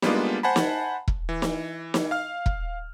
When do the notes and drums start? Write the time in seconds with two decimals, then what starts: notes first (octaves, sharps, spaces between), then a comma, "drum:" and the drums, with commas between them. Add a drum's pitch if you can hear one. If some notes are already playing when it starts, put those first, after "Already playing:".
0.02 G3 G#3 A#3 B3 D4 F4, drum: snare
0.43 C5 F#5 G#5 A5 B5
0.56 drum: snare
1.08 drum: kick E1
1.29 E3
1.42 drum: snare
1.94 drum: snare
2.11 F5 F6
2.46 drum: kick E1